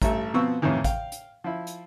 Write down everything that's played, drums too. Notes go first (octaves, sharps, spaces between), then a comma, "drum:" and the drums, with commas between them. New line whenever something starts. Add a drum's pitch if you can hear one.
A1 G2 A3 E5, drum: kick, hi-hat
B2 F3 B3 C4 C#6 E6
F2 A2 C3 D#3 E3
F5 G5, drum: kick, hi-hat
drum: hi-hat
F3 E4
drum: hi-hat